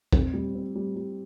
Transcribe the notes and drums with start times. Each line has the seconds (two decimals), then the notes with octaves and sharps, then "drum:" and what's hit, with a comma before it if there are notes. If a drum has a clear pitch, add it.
0.13 C4, drum: kick
0.33 G3
0.55 C4
0.75 G3
0.96 G3